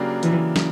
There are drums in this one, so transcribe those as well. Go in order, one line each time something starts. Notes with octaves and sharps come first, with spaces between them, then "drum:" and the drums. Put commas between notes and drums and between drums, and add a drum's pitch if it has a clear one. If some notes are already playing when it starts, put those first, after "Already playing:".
Already playing: C#3 F#3 A#3 D4 G4
E3, drum: hi-hat
drum: snare